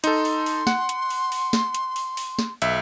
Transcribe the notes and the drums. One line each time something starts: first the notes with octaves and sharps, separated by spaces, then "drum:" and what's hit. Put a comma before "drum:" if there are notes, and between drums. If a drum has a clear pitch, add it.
D#4 A4 C6, drum: hi-hat
drum: open hi-hat
drum: open hi-hat
F#5, drum: snare
drum: hi-hat
drum: open hi-hat
drum: open hi-hat
drum: snare
drum: hi-hat
drum: open hi-hat
drum: open hi-hat
drum: snare
B1 E5, drum: hi-hat